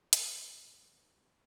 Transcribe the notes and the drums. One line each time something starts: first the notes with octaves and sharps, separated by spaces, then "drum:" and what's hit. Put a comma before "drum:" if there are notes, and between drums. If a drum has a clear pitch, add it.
G#4, drum: hi-hat
A#2
D7
C3
B5